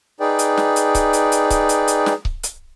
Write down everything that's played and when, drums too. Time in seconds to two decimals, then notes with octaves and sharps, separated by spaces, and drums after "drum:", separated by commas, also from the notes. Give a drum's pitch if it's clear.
0.20 D#4 G#4 B4 D5 G5
0.39 drum: hi-hat
0.57 drum: snare
0.76 drum: hi-hat
0.95 drum: kick C#1, hi-hat
1.13 drum: hi-hat
1.32 drum: hi-hat
1.50 drum: kick C#1, hi-hat
1.69 drum: hi-hat
1.88 drum: hi-hat
2.06 drum: snare
2.25 drum: kick C#1
2.43 drum: hi-hat